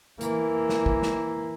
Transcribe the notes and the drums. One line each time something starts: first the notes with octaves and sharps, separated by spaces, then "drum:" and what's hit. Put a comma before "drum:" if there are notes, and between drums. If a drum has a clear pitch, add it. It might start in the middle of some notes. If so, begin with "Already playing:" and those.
E3 A#3, drum: hi-hat
drum: snare
drum: kick
drum: snare